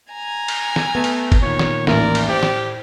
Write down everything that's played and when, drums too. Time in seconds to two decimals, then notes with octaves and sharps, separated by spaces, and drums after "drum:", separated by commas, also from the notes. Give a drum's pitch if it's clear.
0.12 G#5 A#5
0.48 drum: cymbal
0.76 drum: snare
0.95 A3 B3
1.04 drum: cymbal
1.32 drum: kick G1, cymbal
1.42 A#2 D#3 C#5
1.59 drum: snare
1.87 A1 D#2 A#4 D5, drum: snare
2.15 drum: cymbal
2.29 A2 G4 C5
2.43 drum: snare